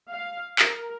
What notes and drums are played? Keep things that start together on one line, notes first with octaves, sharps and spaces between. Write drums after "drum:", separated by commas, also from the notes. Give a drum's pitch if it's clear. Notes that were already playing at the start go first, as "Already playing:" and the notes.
F5
A#4, drum: clap